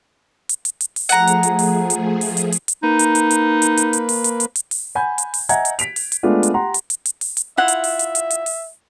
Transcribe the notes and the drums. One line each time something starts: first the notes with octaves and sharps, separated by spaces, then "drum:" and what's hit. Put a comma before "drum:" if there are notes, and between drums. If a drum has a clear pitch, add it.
drum: hi-hat
drum: hi-hat
drum: hi-hat
drum: open hi-hat
F3 A3 G#4 F#5 A#5, drum: hi-hat
drum: hi-hat
drum: hi-hat
drum: open hi-hat
drum: hi-hat
drum: open hi-hat
drum: hi-hat
drum: hi-hat
drum: hi-hat
A#3 D#4 B4
drum: hi-hat
drum: hi-hat
drum: hi-hat
drum: hi-hat
drum: hi-hat
drum: hi-hat
drum: open hi-hat
drum: hi-hat
drum: hi-hat
drum: hi-hat
drum: open hi-hat
F#5 G#5 B5 G6
drum: hi-hat
drum: open hi-hat
D#5 E5 F#5 G#5 A#5 G#6, drum: hi-hat
drum: hi-hat
B6 D7 F7, drum: hi-hat
drum: open hi-hat
drum: hi-hat
G#3 A3 B3 D4 F4
drum: hi-hat
G4 F#5 A#5 C6
drum: hi-hat
drum: hi-hat
drum: hi-hat
drum: open hi-hat
drum: hi-hat
E4 F4 E5 F#5
drum: hi-hat
drum: open hi-hat
drum: hi-hat
drum: hi-hat
drum: hi-hat
drum: open hi-hat